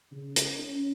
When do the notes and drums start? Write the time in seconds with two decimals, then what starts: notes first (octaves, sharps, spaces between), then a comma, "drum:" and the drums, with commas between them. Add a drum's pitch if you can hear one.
0.12 C#3
0.36 drum: hi-hat
0.59 C#4